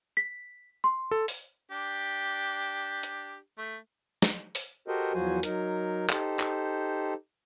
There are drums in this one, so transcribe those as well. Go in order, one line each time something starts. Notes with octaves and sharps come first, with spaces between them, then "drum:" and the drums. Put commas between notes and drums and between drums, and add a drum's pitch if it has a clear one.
B6
C6
A4
drum: open hi-hat
D4 G4
drum: hi-hat
A3
drum: snare
drum: open hi-hat
F#4 G4 A4 A#4 C5 D#5
E2 F3 F#3 F#4 C5 G#5
F#3 D#4 A#4, drum: hi-hat
D#4 G4 A4 C5, drum: clap
drum: clap